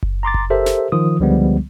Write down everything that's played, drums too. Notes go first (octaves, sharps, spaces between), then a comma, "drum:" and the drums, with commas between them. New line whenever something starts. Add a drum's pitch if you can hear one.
drum: kick F#1
A#5 C6 D6 A6
drum: kick F#1
G4 A4 A#4 C5 E5
drum: snare
D#3 F3 F4 D#6
C#2 D3 F3 G3 G#3 B3